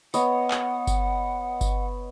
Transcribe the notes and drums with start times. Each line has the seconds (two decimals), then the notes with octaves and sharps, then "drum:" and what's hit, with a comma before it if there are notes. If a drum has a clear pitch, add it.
0.14 B3 C#5 D#5 F#5, drum: tambourine
0.51 drum: clap
0.87 drum: kick G1, tambourine
1.61 drum: kick G1, tambourine